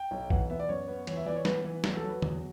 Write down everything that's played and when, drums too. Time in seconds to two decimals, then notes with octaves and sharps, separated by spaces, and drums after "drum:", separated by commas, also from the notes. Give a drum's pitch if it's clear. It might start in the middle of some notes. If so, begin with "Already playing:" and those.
Already playing: G5
0.11 B1
0.30 E3 F#5, drum: kick A#1
0.50 B3 E5
0.59 D5
0.69 F#2 C#5
0.88 B3
1.07 E3 C#5, drum: cymbal
1.17 E5
1.26 E3 D5
1.36 C#5
1.45 B3 B4, drum: snare
1.64 E3
1.84 F#3 B4, drum: snare
1.97 A4
2.04 F#3
2.09 B4
2.22 E2, drum: tom D3